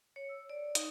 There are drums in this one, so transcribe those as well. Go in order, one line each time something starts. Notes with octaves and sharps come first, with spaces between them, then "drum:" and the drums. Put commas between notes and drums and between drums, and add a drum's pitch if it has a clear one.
C#5
E6
D5
D#4, drum: hi-hat